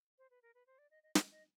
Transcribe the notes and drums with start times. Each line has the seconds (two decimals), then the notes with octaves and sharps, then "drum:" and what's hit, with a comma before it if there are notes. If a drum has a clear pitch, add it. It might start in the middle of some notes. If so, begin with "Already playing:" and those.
0.18 C5
0.31 B4
0.43 A#4
0.55 B4
0.67 C5
0.78 D5
0.91 D#5
1.03 D#5
1.15 D#5, drum: snare
1.31 D#5